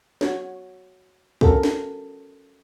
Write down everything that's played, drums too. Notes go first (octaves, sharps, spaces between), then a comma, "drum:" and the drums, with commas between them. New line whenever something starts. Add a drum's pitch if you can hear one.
F#4 C#5, drum: snare
C#4 F#4 A4 A#4, drum: kick
drum: snare